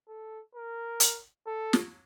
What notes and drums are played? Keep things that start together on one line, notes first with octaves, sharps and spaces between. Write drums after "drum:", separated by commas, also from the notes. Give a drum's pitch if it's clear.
A4
A#4
drum: hi-hat
A4
drum: snare